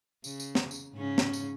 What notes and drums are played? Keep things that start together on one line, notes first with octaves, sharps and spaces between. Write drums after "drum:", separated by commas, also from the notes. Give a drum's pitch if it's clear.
C#3, drum: tambourine
drum: tambourine
drum: snare
drum: tambourine
G#2 C#3 C#4
drum: snare
drum: tambourine